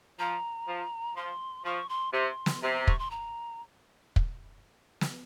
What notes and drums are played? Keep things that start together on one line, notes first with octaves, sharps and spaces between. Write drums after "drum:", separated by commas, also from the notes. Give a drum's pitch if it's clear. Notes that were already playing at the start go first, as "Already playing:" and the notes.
F3 A#5
F3
F3 C6
F3 C#6
C6
C3 C6
drum: snare
C3 A#5
C#6, drum: kick
C6
A#5
drum: kick
drum: snare